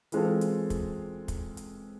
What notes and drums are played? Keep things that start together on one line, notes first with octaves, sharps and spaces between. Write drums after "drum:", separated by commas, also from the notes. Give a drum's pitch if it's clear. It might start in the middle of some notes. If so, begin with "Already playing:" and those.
E3 G#3 C4 F4 A4, drum: hi-hat
drum: hi-hat
drum: kick, hi-hat
drum: kick, hi-hat
drum: hi-hat